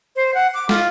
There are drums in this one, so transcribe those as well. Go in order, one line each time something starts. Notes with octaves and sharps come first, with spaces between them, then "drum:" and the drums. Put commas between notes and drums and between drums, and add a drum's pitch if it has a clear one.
C5
F#5
D6
F4, drum: snare